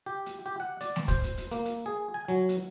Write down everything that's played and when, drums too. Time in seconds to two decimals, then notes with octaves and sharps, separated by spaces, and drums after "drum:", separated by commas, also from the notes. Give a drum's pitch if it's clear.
0.06 G4
0.26 drum: hi-hat
0.46 G4
0.60 F#5
0.81 D5, drum: hi-hat
0.96 drum: snare A3
1.08 C5, drum: kick, hi-hat
1.24 drum: hi-hat
1.38 drum: hi-hat
1.52 A#3, drum: hi-hat
1.65 drum: hi-hat
1.86 G#4
2.14 G#5
2.28 F#3
2.49 drum: hi-hat